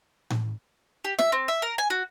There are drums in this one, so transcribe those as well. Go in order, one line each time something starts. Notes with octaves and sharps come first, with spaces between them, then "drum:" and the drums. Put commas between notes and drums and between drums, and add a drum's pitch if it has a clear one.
drum: tom A2
G4
E5, drum: snare
C4
E5
A#4
G#5
F#4